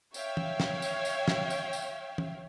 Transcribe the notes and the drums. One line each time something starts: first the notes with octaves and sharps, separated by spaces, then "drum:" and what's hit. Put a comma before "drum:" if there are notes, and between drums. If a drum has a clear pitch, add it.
C#5 E5 F5 G5, drum: tambourine
drum: tom
drum: snare
drum: tambourine
drum: tambourine
drum: snare
drum: tambourine
drum: tambourine
drum: tom